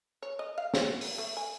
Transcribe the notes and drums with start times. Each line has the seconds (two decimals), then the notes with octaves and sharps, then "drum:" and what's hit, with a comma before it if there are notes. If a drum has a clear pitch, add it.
0.22 C#5
0.39 D#5
0.58 F5
0.74 C4, drum: snare
0.87 F#3
1.01 drum: open hi-hat
1.18 A3
1.37 G#5